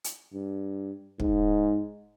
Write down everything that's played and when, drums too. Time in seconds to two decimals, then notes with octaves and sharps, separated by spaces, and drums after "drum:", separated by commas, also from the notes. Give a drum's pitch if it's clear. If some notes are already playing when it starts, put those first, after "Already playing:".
0.04 drum: hi-hat
0.34 G2
1.20 G#2, drum: kick